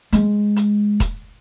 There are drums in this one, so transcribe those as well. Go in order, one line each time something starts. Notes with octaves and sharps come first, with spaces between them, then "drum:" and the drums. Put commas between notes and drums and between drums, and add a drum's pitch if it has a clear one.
G#3, drum: hi-hat
drum: hi-hat
drum: kick E1, hi-hat